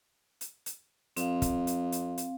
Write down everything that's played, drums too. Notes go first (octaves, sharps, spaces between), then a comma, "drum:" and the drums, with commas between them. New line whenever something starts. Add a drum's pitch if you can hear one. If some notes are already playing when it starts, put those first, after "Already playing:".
drum: hi-hat
drum: hi-hat
F2 C4 F5, drum: hi-hat
drum: kick, hi-hat
drum: hi-hat
drum: hi-hat
drum: hi-hat